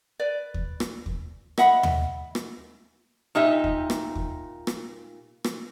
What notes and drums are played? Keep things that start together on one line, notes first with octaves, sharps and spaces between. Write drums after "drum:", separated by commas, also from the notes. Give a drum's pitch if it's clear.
B4 D5
drum: kick
drum: rim click
drum: kick
D#5 E5 F#5 B5, drum: rim click
drum: tom D#2
drum: rim click
A#2 D#4 G4 E5
drum: kick
drum: rim click
drum: kick
drum: rim click
drum: rim click